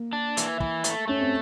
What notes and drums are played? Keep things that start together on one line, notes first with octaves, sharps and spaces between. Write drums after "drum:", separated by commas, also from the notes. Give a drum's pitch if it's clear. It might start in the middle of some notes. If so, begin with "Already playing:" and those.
Already playing: A#3
D4
E3, drum: hi-hat
E3, drum: kick
A3, drum: hi-hat
A3 C#4
C4